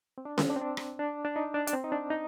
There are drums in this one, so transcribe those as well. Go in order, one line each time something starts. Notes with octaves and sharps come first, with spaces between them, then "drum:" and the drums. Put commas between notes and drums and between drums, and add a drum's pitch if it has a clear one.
C4
D4
C4, drum: snare C#4
D4
C4
D4
drum: rim click
D4
D4
D#4
D4
D4, drum: hi-hat
C4
D#4
D4
D#4